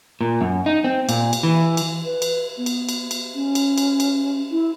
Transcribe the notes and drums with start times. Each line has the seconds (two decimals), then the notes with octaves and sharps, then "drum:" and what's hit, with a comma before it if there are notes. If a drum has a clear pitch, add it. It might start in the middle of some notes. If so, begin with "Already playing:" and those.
0.21 A#2
0.41 F#2
0.66 D#4
0.84 C4
1.09 A#2, drum: cymbal
1.33 drum: cymbal
1.43 E3
1.77 drum: cymbal
2.04 B4
2.22 drum: cymbal
2.57 B3
2.66 drum: cymbal
2.89 drum: cymbal
3.11 drum: cymbal
3.35 C#4
3.55 drum: cymbal
3.78 drum: cymbal
4.00 drum: cymbal
4.52 E4